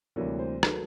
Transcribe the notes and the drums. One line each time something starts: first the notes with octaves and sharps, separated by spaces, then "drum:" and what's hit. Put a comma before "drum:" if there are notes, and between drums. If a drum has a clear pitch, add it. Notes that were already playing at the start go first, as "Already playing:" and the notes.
D2 C3 E3 G3 A#3 C#5
C5
D#3 F#3 A3 B4, drum: rim click